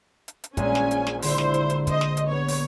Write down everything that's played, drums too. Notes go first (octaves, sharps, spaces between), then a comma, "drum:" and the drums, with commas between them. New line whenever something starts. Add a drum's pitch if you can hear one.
drum: hi-hat
drum: hi-hat
A#1 G#3 C#4 G#5, drum: kick, hi-hat
drum: snare
drum: hi-hat
drum: snare
D3 E4 C5, drum: open hi-hat
drum: snare
drum: hi-hat
drum: hi-hat
C5 D#5, drum: kick, hi-hat
drum: snare
drum: hi-hat
B3 C#5
drum: open hi-hat